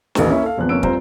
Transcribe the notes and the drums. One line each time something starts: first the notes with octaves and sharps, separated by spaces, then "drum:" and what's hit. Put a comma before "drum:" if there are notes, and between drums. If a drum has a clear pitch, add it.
A1 D#2 E4 A4 G5, drum: snare
A#3 C#4 E4 E5
A4 F5
G#1 E2 F3 B3 F#6
F2 A#3 C#4 E6 D7
F1 G3 F4 C5 A#5, drum: kick